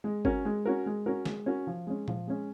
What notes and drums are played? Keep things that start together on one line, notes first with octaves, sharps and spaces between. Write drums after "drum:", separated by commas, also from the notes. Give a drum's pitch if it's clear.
G#3
C#4 F#4 A#4, drum: kick G1
G#3
C#4 F#4 A#4
G#3
C#4 F#4 A#4
G#3, drum: snare
C#4 F#4 A#4
F3
G#3 C#4
F3, drum: tom A#2
G#3 C#4